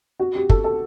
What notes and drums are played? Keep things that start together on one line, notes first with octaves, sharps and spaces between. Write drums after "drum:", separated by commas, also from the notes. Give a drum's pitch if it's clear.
F#4
G4
A4, drum: kick
A4